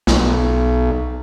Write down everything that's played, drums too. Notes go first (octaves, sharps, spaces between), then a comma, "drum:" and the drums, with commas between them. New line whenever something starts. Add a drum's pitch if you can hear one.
B1, drum: snare